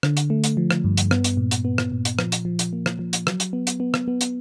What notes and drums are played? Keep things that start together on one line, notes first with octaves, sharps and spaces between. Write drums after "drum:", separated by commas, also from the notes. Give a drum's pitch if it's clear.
D3, drum: rim click
drum: hi-hat
A3
drum: hi-hat
F3
drum: rim click
G2
drum: hi-hat
B3, drum: rim click
drum: hi-hat
A#2
drum: hi-hat
B3
drum: rim click
A#2
drum: hi-hat
F3, drum: rim click
drum: hi-hat
F3
drum: hi-hat
A#3
drum: rim click
F3
drum: hi-hat
F#3, drum: rim click
drum: hi-hat
B3
drum: hi-hat
B3
drum: rim click
B3
drum: hi-hat